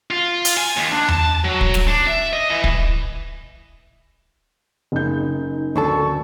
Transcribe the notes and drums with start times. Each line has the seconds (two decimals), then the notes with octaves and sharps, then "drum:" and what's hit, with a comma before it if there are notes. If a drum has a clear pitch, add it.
0.11 F4
0.45 drum: hi-hat
0.57 G#5
0.77 D#2
0.91 D4
1.08 A5, drum: tom E2
1.45 F#3
1.61 drum: kick
1.74 drum: snare
1.88 D4
2.07 E5
2.33 D#5
2.50 E3
2.64 drum: kick
4.92 F#1 D#4 G6
5.76 D2 D3 A4 C#6